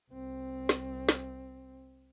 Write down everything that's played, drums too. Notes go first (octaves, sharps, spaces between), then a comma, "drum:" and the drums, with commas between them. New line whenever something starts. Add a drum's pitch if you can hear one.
C2 C4
drum: snare
drum: snare